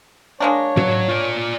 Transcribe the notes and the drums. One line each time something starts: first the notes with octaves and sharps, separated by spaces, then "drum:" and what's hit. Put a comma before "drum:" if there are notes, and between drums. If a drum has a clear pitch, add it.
G#3 A#3 D4 C#5
F#3, drum: tom
F4 D5